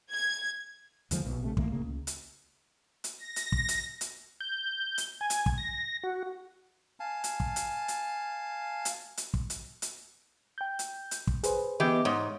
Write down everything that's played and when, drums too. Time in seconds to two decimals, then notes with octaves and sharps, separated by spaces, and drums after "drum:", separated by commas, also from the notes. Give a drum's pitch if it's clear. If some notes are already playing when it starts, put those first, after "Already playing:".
0.11 G#6
1.11 D#2 D3 F3 G#3, drum: hi-hat
1.25 B1 B2
1.41 A#1 C3 G#3 A3
1.57 A#2 D#3 A3 A#3, drum: kick
1.71 D1 C#3 A#3
1.85 C#2
2.07 drum: hi-hat
3.04 drum: hi-hat
3.18 A#6
3.36 drum: hi-hat
3.52 drum: kick
3.68 drum: hi-hat
4.01 drum: hi-hat
4.41 G6
4.98 drum: hi-hat
5.21 G#5
5.30 drum: hi-hat
5.46 drum: kick
5.58 A#6
6.03 F#4
7.00 F5 G#5 A5
7.24 drum: hi-hat
7.40 drum: kick
7.56 drum: hi-hat
7.88 drum: hi-hat
8.85 drum: hi-hat
9.17 drum: hi-hat
9.34 drum: kick
9.50 drum: hi-hat
9.82 drum: hi-hat
10.58 G5 G6
10.79 drum: hi-hat
11.11 drum: hi-hat
11.27 drum: kick
11.44 G#4 B4 C5, drum: hi-hat
11.80 E3 B3 G4 D#5
12.05 G#2 C#5 D#6